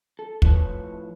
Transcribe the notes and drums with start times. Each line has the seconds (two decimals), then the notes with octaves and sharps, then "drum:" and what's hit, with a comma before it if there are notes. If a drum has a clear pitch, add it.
0.19 A4
0.42 A2 F3 E4 B4 C#5 A5, drum: kick